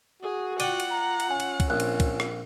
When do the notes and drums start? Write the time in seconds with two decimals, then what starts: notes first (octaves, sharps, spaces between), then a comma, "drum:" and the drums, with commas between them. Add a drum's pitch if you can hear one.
0.23 F#4 G#4
0.60 F4 D5 F#5 G5 D#7, drum: cymbal
0.80 drum: cymbal
0.91 A#5
1.20 drum: cymbal
1.30 C#4 G#5
1.40 drum: cymbal
1.60 drum: kick, cymbal
1.70 A#1 C4 F4 F#6
1.80 drum: cymbal
2.00 drum: kick, cymbal
2.20 drum: rim click